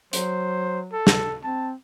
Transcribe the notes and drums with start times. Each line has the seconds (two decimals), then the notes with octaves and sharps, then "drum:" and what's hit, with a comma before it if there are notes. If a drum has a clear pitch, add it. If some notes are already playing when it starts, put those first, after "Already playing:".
0.13 F#3 C5, drum: hi-hat
0.93 A4
1.07 drum: snare
1.43 C4 A5